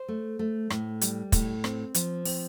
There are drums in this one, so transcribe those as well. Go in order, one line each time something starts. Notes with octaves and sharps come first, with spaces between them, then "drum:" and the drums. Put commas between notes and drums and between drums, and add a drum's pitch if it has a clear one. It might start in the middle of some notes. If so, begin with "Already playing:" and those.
Already playing: C5
A3
A3
A2, drum: rim click
G3, drum: hi-hat
A2, drum: kick, hi-hat
C4, drum: rim click
F3, drum: hi-hat
C4, drum: open hi-hat